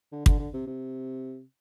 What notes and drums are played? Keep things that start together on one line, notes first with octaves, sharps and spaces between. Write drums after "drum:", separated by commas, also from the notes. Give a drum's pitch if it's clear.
D3
D3, drum: kick
D3
C3
C3